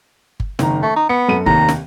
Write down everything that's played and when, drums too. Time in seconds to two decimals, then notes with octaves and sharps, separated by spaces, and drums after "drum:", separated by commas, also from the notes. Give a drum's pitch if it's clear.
0.40 drum: kick G1
0.59 F#1 D#3 A#5, drum: snare
0.83 A3 C#6
0.96 D#4
1.09 B3 C#7
1.29 F#2 A4 D#7
1.46 F1 D#2 D#3 A#5, drum: kick G1
1.69 drum: snare